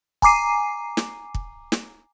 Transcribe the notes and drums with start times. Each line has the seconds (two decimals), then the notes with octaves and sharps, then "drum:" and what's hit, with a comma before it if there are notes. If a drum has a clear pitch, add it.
0.22 G#5 A#5 D6 C7 D#7, drum: kick
0.97 drum: snare
1.35 drum: kick
1.72 drum: snare